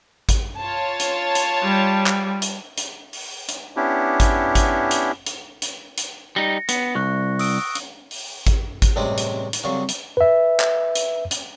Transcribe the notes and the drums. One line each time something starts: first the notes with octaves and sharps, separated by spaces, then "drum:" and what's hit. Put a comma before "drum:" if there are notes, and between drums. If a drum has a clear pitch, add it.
drum: kick G#1, hi-hat
F4 C#5 A5
drum: hi-hat
drum: hi-hat
G3
drum: clap
drum: hi-hat
drum: hi-hat
drum: open hi-hat
drum: hi-hat
B3 C#4 D4 E4 G4
drum: kick G#1, hi-hat
drum: kick G#1, hi-hat
drum: hi-hat
drum: hi-hat
drum: hi-hat
drum: hi-hat
G3 D#4 A#6 C#7
B3, drum: hi-hat
C2 C#6 F#6
D#6 E6 D7, drum: open hi-hat
drum: hi-hat
drum: open hi-hat
drum: kick G#1, hi-hat
drum: kick G#1, hi-hat
A1 C3 G3 G#3 C#4 G5
drum: hi-hat
drum: hi-hat
C2 C#3 F#3 G3 F5 C#6
drum: hi-hat
B4 E5
drum: clap
drum: hi-hat
drum: hi-hat